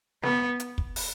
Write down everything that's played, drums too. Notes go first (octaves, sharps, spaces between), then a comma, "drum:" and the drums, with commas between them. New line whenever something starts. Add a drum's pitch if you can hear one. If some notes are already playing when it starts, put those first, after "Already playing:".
B3, drum: snare
drum: hi-hat
drum: kick
drum: open hi-hat